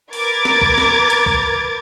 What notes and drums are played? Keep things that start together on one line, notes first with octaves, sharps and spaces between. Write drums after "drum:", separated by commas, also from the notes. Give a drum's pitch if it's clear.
A#4 B4 D6 G#6 A6, drum: open hi-hat
drum: snare
drum: kick C2
drum: snare
drum: hi-hat
drum: kick C2